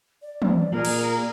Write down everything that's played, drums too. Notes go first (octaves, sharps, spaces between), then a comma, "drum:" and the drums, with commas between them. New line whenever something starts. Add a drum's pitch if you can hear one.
D5
drum: tom E3
A#2 G#4 A#4
drum: cymbal